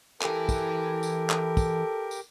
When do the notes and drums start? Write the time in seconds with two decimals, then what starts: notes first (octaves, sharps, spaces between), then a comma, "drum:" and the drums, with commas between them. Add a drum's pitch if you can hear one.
0.22 E3 G4 A4 A#4 G#5, drum: clap
0.49 drum: kick, tambourine
1.03 drum: tambourine
1.30 drum: clap
1.57 drum: kick, tambourine
2.11 drum: tambourine